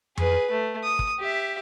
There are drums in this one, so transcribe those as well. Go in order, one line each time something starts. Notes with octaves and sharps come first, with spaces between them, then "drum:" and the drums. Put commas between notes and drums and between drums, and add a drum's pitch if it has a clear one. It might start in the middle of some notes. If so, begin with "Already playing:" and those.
G#4 B4, drum: tom F2
A3
D#6
drum: kick
G4 E5